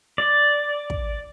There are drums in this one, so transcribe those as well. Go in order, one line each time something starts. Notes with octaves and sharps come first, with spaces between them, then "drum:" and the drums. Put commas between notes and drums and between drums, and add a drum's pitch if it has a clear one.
D5
drum: kick